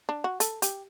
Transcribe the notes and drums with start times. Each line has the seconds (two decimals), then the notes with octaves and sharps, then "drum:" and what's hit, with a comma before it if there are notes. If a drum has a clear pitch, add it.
0.09 D4
0.24 F#4
0.40 A4, drum: hi-hat
0.62 G4, drum: hi-hat